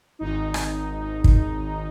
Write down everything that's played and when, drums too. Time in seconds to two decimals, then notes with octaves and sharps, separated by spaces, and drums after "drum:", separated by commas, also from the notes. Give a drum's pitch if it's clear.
0.19 G#1 D#4
0.54 drum: rim click
1.24 drum: kick